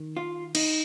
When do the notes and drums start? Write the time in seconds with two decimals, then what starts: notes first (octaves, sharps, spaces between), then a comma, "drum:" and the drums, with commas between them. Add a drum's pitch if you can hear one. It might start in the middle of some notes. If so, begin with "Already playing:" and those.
Already playing: D#3
0.17 F4
0.55 D#4, drum: cymbal